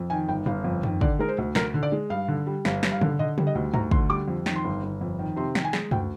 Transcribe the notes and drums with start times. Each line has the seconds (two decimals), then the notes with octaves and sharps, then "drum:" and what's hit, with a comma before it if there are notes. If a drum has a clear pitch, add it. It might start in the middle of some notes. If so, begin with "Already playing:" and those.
Already playing: F2
0.10 D#3 G#5
0.28 G1 G5
0.46 G1 F5, drum: tom F#2
0.64 F2
0.83 D#3, drum: tom F#2
1.01 D3 D5, drum: kick
1.19 G#3 A#4
1.28 C5
1.38 D2
1.55 D2 A#4, drum: snare
1.74 D3
1.83 D5
1.92 G#3
2.10 G2 F5
2.28 D3
2.46 G3
2.65 G1 F5, drum: snare
2.83 G2, drum: snare
2.92 F5
3.01 D3, drum: tom C#3
3.19 D3 D#5
3.38 G3, drum: tom C#3
3.47 D#5
3.55 D2
3.74 D2 A#5, drum: tom G2
3.91 D3 C6, drum: kick
4.10 G3 D6
4.28 F2
4.46 D#3, drum: snare
4.56 C6
4.65 G1
4.83 G1
5.01 F2
5.19 D#3
5.36 C3 C6
5.55 D#3, drum: snare
5.65 G#5
5.73 G#3, drum: snare
5.91 D2 G5, drum: tom F#2